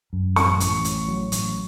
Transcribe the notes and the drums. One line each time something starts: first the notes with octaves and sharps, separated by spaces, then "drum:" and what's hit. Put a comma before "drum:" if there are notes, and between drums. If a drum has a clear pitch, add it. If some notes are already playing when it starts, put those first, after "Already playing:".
F#2
A1 C#6, drum: snare
A1, drum: hi-hat
A2, drum: hi-hat
F#3
A1, drum: hi-hat